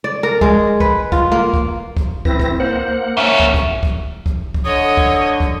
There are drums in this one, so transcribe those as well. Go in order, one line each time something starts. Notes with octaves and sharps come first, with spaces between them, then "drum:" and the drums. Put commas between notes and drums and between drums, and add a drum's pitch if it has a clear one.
D5
A#4
G#3, drum: kick
B4, drum: kick
F4, drum: kick
A#3
drum: kick
drum: kick
C4 E4 B4 A#6, drum: kick
drum: kick
A#3 C5 F#5
G#2 C#4 E5
drum: kick
drum: kick
drum: kick
drum: kick
drum: kick
D3 C#5 D#5 D#6
drum: kick
drum: kick